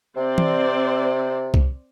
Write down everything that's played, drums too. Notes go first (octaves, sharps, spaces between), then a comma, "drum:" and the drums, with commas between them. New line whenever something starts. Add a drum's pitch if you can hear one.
C3 C4 C5 D5
drum: tom E3
drum: kick C2